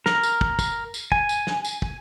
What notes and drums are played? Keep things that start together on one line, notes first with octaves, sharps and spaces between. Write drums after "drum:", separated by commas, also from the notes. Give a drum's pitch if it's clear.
A#4, drum: snare
drum: tambourine
drum: kick
drum: kick, tambourine
drum: tambourine
G#5, drum: kick
drum: tambourine
drum: snare
drum: tambourine
drum: kick